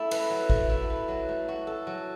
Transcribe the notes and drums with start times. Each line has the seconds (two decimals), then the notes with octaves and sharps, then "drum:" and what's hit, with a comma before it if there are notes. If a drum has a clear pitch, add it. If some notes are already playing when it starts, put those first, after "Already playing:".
Already playing: A3 E4
0.11 B4, drum: cymbal
0.30 F#3
0.50 A3, drum: kick A1
0.69 E4
0.90 B4
1.08 F#3
1.29 A3
1.48 F#4
1.67 A4
1.87 F#3